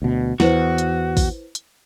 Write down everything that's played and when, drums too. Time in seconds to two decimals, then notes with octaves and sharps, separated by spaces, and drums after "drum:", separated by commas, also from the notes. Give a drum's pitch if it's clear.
0.02 D2 B2
0.40 E2 E4 F#4 B4 C5, drum: snare
0.78 drum: hi-hat
1.17 drum: kick, open hi-hat
1.55 drum: hi-hat